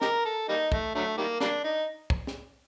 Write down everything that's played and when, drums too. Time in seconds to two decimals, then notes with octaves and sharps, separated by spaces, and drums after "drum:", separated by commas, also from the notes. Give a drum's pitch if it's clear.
0.01 D#4 G4 A#4, drum: snare
0.25 A4
0.49 G3 A#3 D#4
0.72 A3, drum: kick
0.95 D3 F#3 A3
1.17 D#3 G3 A#3
1.40 G3 A#3 D4, drum: snare
1.64 D#4
2.10 drum: kick
2.27 drum: snare